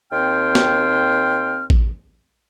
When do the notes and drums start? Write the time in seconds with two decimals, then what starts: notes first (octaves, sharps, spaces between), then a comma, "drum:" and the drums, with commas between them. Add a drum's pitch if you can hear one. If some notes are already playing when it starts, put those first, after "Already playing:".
0.12 D#2 C4 G5 C6 F6
0.55 drum: snare
1.70 drum: kick A1